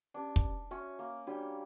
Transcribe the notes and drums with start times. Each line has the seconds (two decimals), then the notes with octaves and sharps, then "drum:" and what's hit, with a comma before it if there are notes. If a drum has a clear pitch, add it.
0.14 C#4 D4 G4 B4 D5
0.36 drum: kick
0.71 C#4 F#4 C#5 E5
0.99 A#3
1.27 G3 D4 F#4 C#5